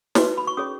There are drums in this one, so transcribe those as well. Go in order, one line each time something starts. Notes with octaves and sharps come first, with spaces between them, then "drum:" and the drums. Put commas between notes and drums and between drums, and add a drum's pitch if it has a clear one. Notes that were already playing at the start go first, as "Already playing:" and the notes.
D#4 F#4 B4, drum: snare
B5
C#6
C#4 G#4 C#5 D#6